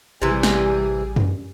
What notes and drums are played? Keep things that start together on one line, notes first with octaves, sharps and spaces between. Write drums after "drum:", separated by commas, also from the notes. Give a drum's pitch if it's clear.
A1 C3 E3 G3 G#4
drum: snare
drum: tom F#2